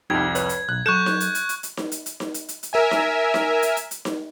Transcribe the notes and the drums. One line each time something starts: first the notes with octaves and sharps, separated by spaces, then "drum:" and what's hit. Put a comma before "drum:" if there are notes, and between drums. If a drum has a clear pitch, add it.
C2 F2 D#4 G4 G5 G#6
B4 C#5, drum: hi-hat
drum: hi-hat
B1 F#6
F#3 A4 C#6 F#6 G6 E7
drum: snare D#4
drum: hi-hat
drum: hi-hat
drum: hi-hat
drum: hi-hat
drum: snare D#4
drum: hi-hat
drum: hi-hat
drum: snare D#4
drum: hi-hat
drum: hi-hat
drum: hi-hat
A#4 E5 G#5
drum: snare D#4
drum: snare D#4
drum: hi-hat
drum: hi-hat
drum: hi-hat
drum: snare D#4